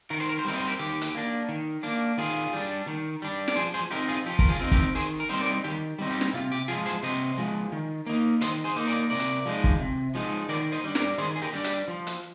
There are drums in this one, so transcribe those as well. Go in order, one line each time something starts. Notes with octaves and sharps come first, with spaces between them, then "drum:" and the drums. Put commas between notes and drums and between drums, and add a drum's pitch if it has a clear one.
D#3 A#4
C5
A#4
C5
G3 C4 D#4 A#4
C5
G4 A#4
D#3 G4
drum: hi-hat
A#3 D4
D#3
A#3 D4
D#3 F4 G#4
G3 D4
D#3
G3 D4
D5, drum: snare
F3 G#4 C5
G#4 C5
C4 D#4 G4 A#4
F4 G#4
F3 G4
A#4, drum: kick
F4 G#4
C4 D#4
G4 A#4, drum: kick
D#3 G#4 C5
A#4
G3 C4 D#4 C5
A#4 D5
D#3 G4
G3 C4 D#4
G4
drum: snare
C3 F4
G4
F3 G#3 F4 G#4
G#4 C5
C3 C5 D#5
F3 G#3
D#3
A#3 D#4
D#3 C5 D#5, drum: hi-hat
G#4 C5
A#3 D#4
A#4 D5
C3 A#4 D5
drum: hi-hat
F3 G#3 D#4
drum: kick
C3
F3 G#3 D#4
D#3 A#4 D5
C5 D#5
G3 D4
A#4 D5, drum: snare
D#3 G#4 C5
G#4
G4 A#4
G3 D4
G4, drum: hi-hat
F3
drum: hi-hat